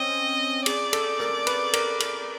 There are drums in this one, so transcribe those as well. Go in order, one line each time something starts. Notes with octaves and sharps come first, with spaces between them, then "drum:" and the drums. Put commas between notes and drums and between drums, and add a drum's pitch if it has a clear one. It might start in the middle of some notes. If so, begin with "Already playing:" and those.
Already playing: C4 C#4 D#5
G#4 D5, drum: cymbal
A4, drum: cymbal
A#4, drum: rim click
B4, drum: cymbal
A#4, drum: cymbal
A4, drum: cymbal